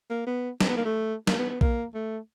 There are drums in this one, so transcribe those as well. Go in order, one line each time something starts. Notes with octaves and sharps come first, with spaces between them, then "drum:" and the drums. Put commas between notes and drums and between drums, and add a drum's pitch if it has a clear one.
A#3
B3
C4, drum: snare
B3
A#3
A3
A#3, drum: snare
B3
B3
A#3, drum: kick A#1
A3